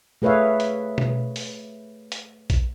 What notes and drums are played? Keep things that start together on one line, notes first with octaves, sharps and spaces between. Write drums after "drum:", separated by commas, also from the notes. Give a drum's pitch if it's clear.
A3 G#4 B4 C#5 E5 F5
drum: hi-hat
drum: tom B2
drum: open hi-hat
drum: hi-hat
drum: kick A#1, hi-hat